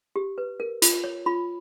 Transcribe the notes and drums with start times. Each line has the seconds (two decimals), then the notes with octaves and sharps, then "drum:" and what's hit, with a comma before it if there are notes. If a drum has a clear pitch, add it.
0.16 G4
0.38 B4
0.60 A#4
0.82 F4, drum: hi-hat
1.04 C#5
1.26 F4 B5